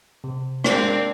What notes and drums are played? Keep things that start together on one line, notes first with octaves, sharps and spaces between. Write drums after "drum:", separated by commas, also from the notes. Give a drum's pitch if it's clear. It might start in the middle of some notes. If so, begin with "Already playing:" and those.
C3
G#3 A#3 C4 D4, drum: rim click